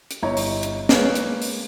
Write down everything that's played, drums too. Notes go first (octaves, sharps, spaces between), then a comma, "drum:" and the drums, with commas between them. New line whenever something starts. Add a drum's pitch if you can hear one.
drum: hi-hat
G1 E4 C#5 D#5 A#5
drum: open hi-hat
drum: hi-hat
G#3 A#3 B4 C#5, drum: snare
drum: hi-hat
drum: open hi-hat